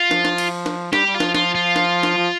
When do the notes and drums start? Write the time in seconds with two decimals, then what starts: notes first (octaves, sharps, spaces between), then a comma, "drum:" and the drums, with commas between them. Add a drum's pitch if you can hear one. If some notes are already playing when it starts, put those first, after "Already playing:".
Already playing: F4
0.11 F3, drum: snare
0.25 drum: snare
0.38 drum: cymbal
0.66 drum: snare
0.93 G3 G4, drum: snare
1.06 G3
1.14 F4
1.20 F3, drum: snare
1.35 F4, drum: snare
1.55 F4
1.76 drum: snare
2.03 drum: snare
2.18 F3